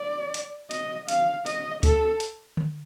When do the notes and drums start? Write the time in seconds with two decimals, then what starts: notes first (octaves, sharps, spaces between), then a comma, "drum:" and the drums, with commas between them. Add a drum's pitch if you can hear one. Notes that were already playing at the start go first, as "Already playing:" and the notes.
Already playing: D5
0.34 drum: hi-hat
0.71 D#5, drum: hi-hat
1.08 F5, drum: hi-hat
1.46 D#5, drum: hi-hat
1.83 A4, drum: kick C#2, hi-hat
2.20 drum: hi-hat
2.57 drum: tom D3